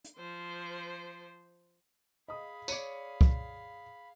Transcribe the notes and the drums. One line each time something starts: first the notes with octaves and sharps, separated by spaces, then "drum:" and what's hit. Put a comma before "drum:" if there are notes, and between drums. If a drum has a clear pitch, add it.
drum: hi-hat
F3 C5
G#4 D#5 F5 B5 D#6
C#5 D5 C#7 D#7, drum: tambourine
drum: kick